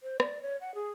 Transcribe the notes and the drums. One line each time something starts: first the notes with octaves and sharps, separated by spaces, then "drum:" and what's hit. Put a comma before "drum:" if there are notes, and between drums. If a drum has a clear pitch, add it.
C5
D5, drum: rim click
C#5
F#5
G#4